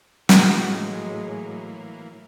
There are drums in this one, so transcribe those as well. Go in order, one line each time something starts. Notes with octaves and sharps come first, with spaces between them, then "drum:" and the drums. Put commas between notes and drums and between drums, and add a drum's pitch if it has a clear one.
A2 E3 F#3 G#3 A#3 F#4, drum: snare